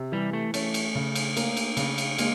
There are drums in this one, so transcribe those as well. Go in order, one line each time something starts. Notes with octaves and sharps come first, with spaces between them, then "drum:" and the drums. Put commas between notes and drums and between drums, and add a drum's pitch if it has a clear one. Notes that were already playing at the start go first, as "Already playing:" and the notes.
Already playing: C3
E3 G3
A3
A3 C#4, drum: cymbal
drum: cymbal
C#3
drum: cymbal
A#3, drum: cymbal
drum: cymbal
C#3, drum: cymbal
drum: cymbal
G#3 A#3, drum: cymbal